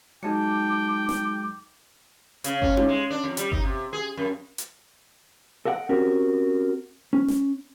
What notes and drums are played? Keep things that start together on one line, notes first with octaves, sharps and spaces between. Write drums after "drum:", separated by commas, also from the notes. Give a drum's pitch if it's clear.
F#3 G#3 D#4 G#4 G5 A5 D6 C#7
drum: snare
C#3, drum: hi-hat
C#4, drum: kick G1
C3, drum: tom D#4
G#3
D4
F2
G3, drum: hi-hat
D#4, drum: kick G1
C3
G#4
F#2
drum: hi-hat
A4 D#5 E5 F#5 G5
C4 C#4 F#4 G4 A#4
C#4
drum: snare